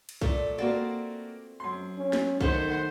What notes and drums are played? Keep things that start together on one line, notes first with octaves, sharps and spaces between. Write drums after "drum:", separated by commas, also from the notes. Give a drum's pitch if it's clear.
drum: cymbal
A#2 A3, drum: kick B1
A#3 C4 F#4 D5
F#2 C6
C#4
drum: snare
D#3 A3 B3 C5 F#5, drum: kick B1